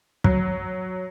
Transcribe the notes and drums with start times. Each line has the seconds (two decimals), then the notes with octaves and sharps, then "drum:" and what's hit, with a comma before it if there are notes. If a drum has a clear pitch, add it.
0.24 F#3, drum: kick